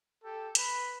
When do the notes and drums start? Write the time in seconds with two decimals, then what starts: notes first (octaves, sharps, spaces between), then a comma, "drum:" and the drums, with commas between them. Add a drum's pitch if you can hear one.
0.24 G4 A4
0.55 B4 B5, drum: hi-hat